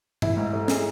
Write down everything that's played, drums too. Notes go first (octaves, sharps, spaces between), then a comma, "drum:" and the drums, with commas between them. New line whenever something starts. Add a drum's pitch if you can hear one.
E4, drum: tom G2
G#2
A3
G#4, drum: snare